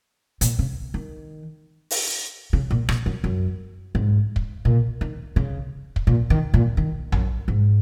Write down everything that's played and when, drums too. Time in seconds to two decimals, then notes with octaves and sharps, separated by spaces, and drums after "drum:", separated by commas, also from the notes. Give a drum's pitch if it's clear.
0.41 A#2, drum: hi-hat
0.59 C#3
0.94 D#3
1.91 drum: open hi-hat
2.53 C#3
2.71 A#2
2.89 A#2, drum: rim click
3.06 F#2
3.24 F#2
3.95 G#2
4.36 drum: kick
4.65 A#2
5.01 D#3
5.36 C#3
5.96 drum: kick
6.07 A#2
6.30 D#3
6.54 A#2
6.77 D#3
7.12 F#2, drum: tom A#1
7.48 G#2